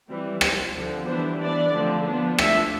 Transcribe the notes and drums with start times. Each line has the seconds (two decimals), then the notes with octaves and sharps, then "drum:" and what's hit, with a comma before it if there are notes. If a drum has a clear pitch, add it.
0.09 E3 G3 C4
0.41 F3 C4, drum: rim click
0.74 D3 F3 C4
1.06 E3 G3 B3 D4 C5
1.39 E3 B3 D4 D5
1.72 D3 F3 A3 C4
2.05 F3 B3 D4
2.38 F3 A3 D4 E5, drum: rim click